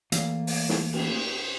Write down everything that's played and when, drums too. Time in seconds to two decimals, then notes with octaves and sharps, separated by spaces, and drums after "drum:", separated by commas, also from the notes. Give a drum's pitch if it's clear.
0.12 E2 E3 A3 A#3 F5, drum: hi-hat
0.47 drum: open hi-hat
0.69 drum: snare
0.93 drum: cymbal